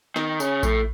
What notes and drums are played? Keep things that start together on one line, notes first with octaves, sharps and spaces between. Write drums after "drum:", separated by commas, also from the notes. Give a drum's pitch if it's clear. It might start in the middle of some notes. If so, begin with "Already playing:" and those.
D#3, drum: snare
C#3, drum: tambourine
A2, drum: kick A#1, tambourine